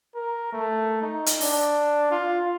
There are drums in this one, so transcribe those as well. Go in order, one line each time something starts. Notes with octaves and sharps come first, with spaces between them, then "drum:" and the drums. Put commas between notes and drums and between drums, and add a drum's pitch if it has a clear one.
A#4
A3
D#4
drum: hi-hat
D4, drum: open hi-hat
F4